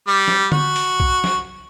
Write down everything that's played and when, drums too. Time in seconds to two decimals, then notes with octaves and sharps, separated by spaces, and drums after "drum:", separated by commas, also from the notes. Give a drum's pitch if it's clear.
0.08 G3
0.28 drum: snare
0.52 F#4, drum: tom D3
0.76 drum: open hi-hat
1.00 drum: kick C2
1.24 drum: snare